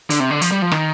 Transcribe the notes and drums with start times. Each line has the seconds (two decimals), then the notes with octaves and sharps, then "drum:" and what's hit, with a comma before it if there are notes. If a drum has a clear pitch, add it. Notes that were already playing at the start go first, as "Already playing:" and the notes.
0.10 D3, drum: hi-hat
0.20 C3
0.31 D3
0.41 F3, drum: hi-hat
0.51 G3
0.62 F3
0.71 D#3, drum: rim click